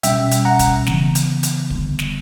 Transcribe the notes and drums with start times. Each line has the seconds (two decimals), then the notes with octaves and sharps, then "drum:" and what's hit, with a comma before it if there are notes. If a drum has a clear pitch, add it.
0.03 B2 G3 C#4 E5 G5, drum: hi-hat
0.31 drum: hi-hat
0.45 F#5 A#5
0.59 drum: kick, hi-hat
0.87 C#3 E3 B3, drum: snare
1.15 drum: hi-hat
1.43 drum: hi-hat
1.70 D3 G3 B3, drum: kick
1.99 drum: snare